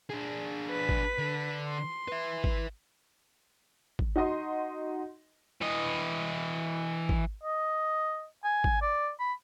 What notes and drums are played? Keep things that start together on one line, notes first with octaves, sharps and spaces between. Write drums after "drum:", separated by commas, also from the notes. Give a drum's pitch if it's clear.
D4 G#4
B4 B6
drum: kick G#1
D3
C6
B4 E5
drum: kick G#1
drum: kick G#1
D#4 F#4 D#5 C6
E3 D#5
drum: kick G#1
D#5
G#5
drum: kick G#1
D5
B5